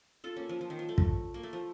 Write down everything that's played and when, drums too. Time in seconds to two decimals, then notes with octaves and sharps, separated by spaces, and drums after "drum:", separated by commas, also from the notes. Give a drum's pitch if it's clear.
0.24 F4 A4
0.36 A#3 C#4
0.49 F3
0.61 F3
0.70 D#3
0.79 F3
0.89 A3
0.98 drum: kick
1.34 A#3
1.43 A3
1.53 F3